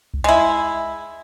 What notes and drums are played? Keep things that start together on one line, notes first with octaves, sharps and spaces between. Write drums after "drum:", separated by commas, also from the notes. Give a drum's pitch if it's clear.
drum: kick C2
G#3 E4